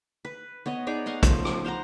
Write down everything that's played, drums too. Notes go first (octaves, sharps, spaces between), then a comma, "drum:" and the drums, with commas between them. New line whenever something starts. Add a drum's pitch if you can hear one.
B4
B3 C#5 D#5
D#4 G#4 C#5 D5
D#5 F5 F#5 G#5
C#3 F3 A3, drum: kick, hi-hat
drum: rim click
C5 F5 F#5 A#5